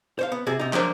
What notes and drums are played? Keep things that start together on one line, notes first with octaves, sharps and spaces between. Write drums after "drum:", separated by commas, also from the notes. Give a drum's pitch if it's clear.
C5 C#5 F5
B3
C3 F#4 G#4
C3 D#4
F3 F#3 A#3 D4 C5, drum: clap